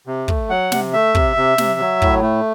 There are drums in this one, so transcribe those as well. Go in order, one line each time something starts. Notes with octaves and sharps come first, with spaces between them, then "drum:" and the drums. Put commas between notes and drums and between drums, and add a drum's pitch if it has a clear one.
C3
A3, drum: kick
F#3 F#5
C3, drum: snare
A3 E5
C3, drum: kick
C3
C3, drum: snare
F#3
A2, drum: kick
A3